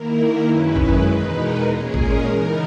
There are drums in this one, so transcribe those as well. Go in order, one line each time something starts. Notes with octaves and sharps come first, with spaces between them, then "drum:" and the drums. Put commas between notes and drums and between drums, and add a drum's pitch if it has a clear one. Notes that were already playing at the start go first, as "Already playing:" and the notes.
Already playing: D#3 A#3 E4 A#4
F#2 D#3 G#3 C#4 E4 B4
drum: kick
E2 B2 G#3 D#4
A#4
A#2 G#3 C#4 G#4
A#4, drum: kick
C#3 E3 B3 D#4 A#4